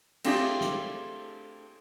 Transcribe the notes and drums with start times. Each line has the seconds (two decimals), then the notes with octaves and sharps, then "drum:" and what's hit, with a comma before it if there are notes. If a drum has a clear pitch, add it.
0.24 A3 C4 D4 F4 G4 G#4, drum: cymbal
0.61 drum: snare